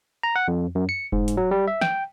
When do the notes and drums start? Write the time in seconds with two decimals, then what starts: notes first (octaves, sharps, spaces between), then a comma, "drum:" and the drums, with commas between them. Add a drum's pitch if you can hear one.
0.23 A#5
0.36 F#5
0.48 F2
0.75 F#2
0.89 C#7
1.12 G#2, drum: kick F1
1.28 drum: hi-hat
1.37 F#3
1.51 G3
1.68 E5
1.81 G5, drum: snare